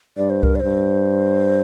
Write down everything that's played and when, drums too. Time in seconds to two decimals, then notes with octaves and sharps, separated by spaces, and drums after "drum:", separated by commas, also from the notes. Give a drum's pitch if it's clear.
0.17 G2 D5
0.30 C5
0.43 A#4, drum: kick C2
0.56 D5
0.60 G2 C5